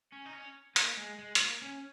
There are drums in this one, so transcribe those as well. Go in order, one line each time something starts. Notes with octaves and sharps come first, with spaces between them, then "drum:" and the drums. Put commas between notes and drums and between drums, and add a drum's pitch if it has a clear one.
C#4
D#4
C#4
A#3, drum: hi-hat
G#3
G#3
G#3, drum: hi-hat
A#3
C#4